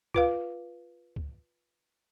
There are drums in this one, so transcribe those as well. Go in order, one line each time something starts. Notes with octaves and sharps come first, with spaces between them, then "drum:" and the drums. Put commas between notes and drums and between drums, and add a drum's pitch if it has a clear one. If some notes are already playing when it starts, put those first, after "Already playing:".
F4 B4 F5, drum: kick
drum: kick